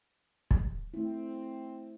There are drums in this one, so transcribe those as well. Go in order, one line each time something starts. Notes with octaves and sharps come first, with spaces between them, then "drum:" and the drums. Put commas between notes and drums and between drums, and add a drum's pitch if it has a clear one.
drum: kick
A3 C4 E4